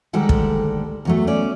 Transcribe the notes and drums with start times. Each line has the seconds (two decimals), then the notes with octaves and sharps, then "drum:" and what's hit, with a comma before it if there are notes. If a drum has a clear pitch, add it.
0.13 D2 D#3 G3 G#3 A4 F#5
0.29 drum: kick
1.05 E2 F#3 A3
1.27 C#4 D5